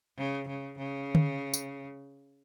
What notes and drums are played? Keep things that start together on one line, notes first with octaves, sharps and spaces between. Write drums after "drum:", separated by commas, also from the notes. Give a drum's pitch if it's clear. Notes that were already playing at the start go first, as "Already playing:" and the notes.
C#3
C#3
C#3
drum: tom D3
drum: tambourine